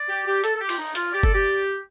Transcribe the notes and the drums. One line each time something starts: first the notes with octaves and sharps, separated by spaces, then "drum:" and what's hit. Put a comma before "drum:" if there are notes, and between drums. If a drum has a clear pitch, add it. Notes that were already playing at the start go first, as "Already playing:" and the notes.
Already playing: D5
G4
G4
A4, drum: hi-hat
A4
G4
F4, drum: cymbal
D#4
F4, drum: hi-hat
G4 D5
A4, drum: kick F#1
G4